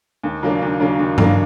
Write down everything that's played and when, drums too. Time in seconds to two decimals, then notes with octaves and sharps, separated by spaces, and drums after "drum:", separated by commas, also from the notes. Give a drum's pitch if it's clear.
0.24 D#2
0.43 C#3 F#3 A#3 D4
0.61 D#2
0.80 C#3 F#3 A#3 D4
0.99 D#2
1.18 C#3 F#3 A#3 D4, drum: tom G2